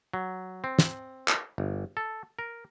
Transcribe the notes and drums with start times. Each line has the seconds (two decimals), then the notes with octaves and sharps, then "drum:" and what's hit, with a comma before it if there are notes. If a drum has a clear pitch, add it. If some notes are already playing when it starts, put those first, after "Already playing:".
0.14 F#3
0.64 C4
0.79 drum: snare
1.28 drum: clap
1.58 G1
1.97 A4
2.39 A#4